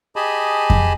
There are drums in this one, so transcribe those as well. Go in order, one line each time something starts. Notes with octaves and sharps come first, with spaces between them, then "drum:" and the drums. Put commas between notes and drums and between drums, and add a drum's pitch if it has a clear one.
G4 G#4 D#5 G#5 A5 B5
drum: kick F2